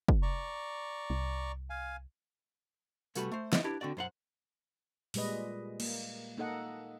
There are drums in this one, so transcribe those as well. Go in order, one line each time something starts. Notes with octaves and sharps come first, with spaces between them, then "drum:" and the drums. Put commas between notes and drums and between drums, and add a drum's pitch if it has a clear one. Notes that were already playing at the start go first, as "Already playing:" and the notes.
drum: kick
D5 A#5 C#6
C2
F5 G#5
C3 G3 A3 F#4 A4 B4, drum: tambourine
A3 C5
B3 C4 E4 B4 D5 D#5, drum: snare
D4 E4 G4 B4
D3 C4 F#4 D5
F#2 C5 F#5
A#2 G3 G#3 B4 D#5, drum: open hi-hat
A#3, drum: cymbal
A#3 D#4 A4 D#5 F#5